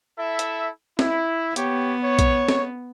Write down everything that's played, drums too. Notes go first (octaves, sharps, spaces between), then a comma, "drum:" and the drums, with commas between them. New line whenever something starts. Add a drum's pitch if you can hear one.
E4 A4 E5
drum: hi-hat
E4, drum: snare
B3 G4 C#5, drum: hi-hat
C#5
drum: kick, hi-hat
drum: snare